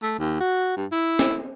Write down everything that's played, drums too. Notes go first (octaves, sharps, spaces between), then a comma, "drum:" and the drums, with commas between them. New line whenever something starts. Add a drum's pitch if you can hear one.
A3
D#2
F#4
G2
E4
drum: snare